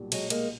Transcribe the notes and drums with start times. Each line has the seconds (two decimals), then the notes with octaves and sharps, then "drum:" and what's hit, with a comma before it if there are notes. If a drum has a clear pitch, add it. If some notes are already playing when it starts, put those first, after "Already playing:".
Already playing: B1 A#2 G3
0.12 F#3 G#3, drum: cymbal
0.30 G#3 A#3, drum: cymbal